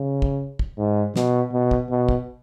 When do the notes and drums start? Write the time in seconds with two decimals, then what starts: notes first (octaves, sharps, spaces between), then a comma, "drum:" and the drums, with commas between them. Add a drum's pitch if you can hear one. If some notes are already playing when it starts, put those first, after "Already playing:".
Already playing: C#3
0.22 drum: kick
0.59 drum: kick
0.78 G#2
1.16 B2, drum: snare
1.53 B2
1.71 drum: kick
1.90 B2
2.09 drum: kick